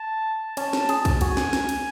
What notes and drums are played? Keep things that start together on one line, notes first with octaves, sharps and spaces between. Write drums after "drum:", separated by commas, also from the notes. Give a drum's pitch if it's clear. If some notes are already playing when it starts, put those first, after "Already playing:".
Already playing: A5
C#4 A5, drum: cymbal
drum: snare
G#4, drum: cymbal
drum: kick, cymbal
F#4 G#5, drum: cymbal
drum: snare
drum: snare
drum: cymbal